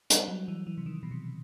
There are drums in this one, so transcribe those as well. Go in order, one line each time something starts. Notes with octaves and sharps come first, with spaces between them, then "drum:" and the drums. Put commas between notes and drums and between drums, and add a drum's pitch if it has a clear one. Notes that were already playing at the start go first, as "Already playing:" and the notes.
G3, drum: hi-hat
F#3
E3
E3
C3
D#3
B2
C3